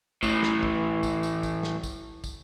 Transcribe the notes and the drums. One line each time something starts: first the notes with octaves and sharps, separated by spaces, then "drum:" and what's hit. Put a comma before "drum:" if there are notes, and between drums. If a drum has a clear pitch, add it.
A2 E3, drum: kick, tambourine
drum: snare
drum: kick
drum: kick, tambourine
drum: tambourine
drum: kick, tambourine
drum: snare
drum: kick, tambourine
drum: kick, tambourine